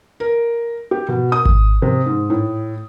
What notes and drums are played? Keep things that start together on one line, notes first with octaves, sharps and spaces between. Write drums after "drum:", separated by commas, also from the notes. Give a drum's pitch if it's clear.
A#4
G4
B2
D#6
drum: kick G#1
C3
G#2
A2